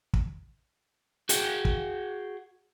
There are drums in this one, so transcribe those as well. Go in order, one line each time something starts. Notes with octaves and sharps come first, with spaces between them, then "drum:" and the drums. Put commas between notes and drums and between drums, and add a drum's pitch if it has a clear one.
drum: kick
F#4 G#4 F#5 G5, drum: hi-hat
drum: kick